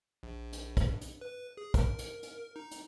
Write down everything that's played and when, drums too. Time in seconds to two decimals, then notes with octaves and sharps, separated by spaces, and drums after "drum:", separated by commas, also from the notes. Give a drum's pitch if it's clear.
0.23 A#1
0.53 drum: hi-hat
0.77 drum: kick, hi-hat
1.01 drum: hi-hat
1.21 B4
1.57 G#4
1.74 A#4, drum: kick, hi-hat
1.98 drum: hi-hat
2.23 drum: hi-hat
2.56 D#4
2.71 drum: hi-hat